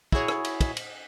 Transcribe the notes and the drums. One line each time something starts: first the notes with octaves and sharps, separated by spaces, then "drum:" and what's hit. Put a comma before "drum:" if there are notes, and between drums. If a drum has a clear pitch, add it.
E4 F#4 G#4 C#5, drum: kick
drum: rim click
drum: cymbal
drum: kick, cymbal
drum: cymbal